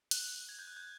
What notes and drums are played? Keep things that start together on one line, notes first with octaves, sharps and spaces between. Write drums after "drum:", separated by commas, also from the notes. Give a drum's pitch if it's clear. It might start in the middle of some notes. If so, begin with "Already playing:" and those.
F#6, drum: hi-hat
G#6
G6
F#6
G6